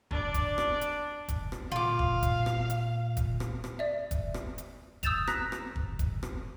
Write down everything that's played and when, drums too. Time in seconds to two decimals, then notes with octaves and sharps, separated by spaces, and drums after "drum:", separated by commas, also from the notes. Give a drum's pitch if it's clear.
0.11 D4 D5, drum: kick
0.34 drum: kick, hi-hat
0.58 drum: rim click
0.81 drum: hi-hat
1.28 drum: kick, hi-hat
1.52 drum: rim click
1.72 A#2 F4 F5 D6
1.99 drum: kick
2.23 drum: kick, hi-hat
2.46 drum: rim click
2.70 drum: hi-hat
3.17 drum: kick, hi-hat
3.40 drum: rim click
3.64 drum: rim click
3.79 D5 E5
4.11 drum: kick, hi-hat
4.34 drum: rim click
4.58 drum: hi-hat
5.03 D#6 E6 G6 A6 E7 F7, drum: kick, hi-hat
5.27 A#5 F#6 A#6 B6, drum: rim click
5.52 drum: rim click
5.76 drum: kick
5.99 drum: kick, hi-hat
6.23 drum: rim click